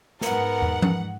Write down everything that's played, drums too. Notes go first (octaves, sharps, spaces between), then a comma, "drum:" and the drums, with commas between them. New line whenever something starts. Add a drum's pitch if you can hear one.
G#2 B3 A#4 F#5, drum: snare
drum: tom
drum: tom F3